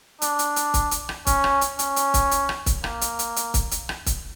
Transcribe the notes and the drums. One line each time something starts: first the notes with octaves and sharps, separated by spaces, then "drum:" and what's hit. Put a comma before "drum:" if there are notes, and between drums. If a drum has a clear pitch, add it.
D4, drum: hi-hat
drum: hi-hat
drum: hi-hat
drum: kick, hi-hat
drum: hi-hat
drum: rim click
C#4, drum: kick, hi-hat
drum: rim click
drum: hi-hat
C#4, drum: hi-hat
drum: hi-hat
drum: kick, hi-hat
drum: hi-hat
drum: rim click
drum: kick, hi-hat
A#3, drum: rim click
drum: hi-hat
drum: hi-hat
drum: hi-hat
drum: kick, hi-hat
drum: hi-hat
drum: rim click
drum: kick, hi-hat